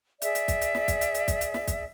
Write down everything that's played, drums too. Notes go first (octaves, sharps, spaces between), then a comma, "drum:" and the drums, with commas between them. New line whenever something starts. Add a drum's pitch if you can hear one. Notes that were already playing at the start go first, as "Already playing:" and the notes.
G#4 D5 E5, drum: hi-hat
drum: hi-hat
drum: kick, hi-hat
drum: hi-hat
drum: snare
drum: kick, hi-hat
drum: hi-hat
drum: hi-hat
drum: kick, hi-hat
drum: hi-hat
drum: snare
drum: kick, hi-hat